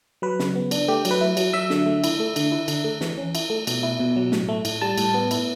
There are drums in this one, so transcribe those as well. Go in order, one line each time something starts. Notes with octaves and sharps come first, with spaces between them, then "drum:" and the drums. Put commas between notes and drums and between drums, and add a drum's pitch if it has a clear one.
F#3 B4
C#3, drum: snare
B3
D4, drum: cymbal
A3 G4
F#3, drum: cymbal
B4
E4
F#3, drum: cymbal
F#3 E5
D3, drum: snare
A3
E4, drum: cymbal
A3
D3, drum: cymbal
E4
D3, drum: cymbal
A3
E3, drum: snare
C#4
E4, drum: cymbal
A3
B2, drum: cymbal
E4
B2
F#3
A2, drum: snare
A3
A2, drum: cymbal
G3 A5
A2, drum: cymbal
B3
E4, drum: cymbal